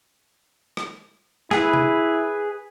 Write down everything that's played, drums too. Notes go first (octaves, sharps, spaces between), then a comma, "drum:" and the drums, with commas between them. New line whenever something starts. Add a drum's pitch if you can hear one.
drum: rim click
E4 G#4 B4, drum: snare
drum: tom C3